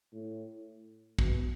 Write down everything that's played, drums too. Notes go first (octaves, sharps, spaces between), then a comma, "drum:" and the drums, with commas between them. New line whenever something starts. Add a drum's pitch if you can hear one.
A2
B2, drum: kick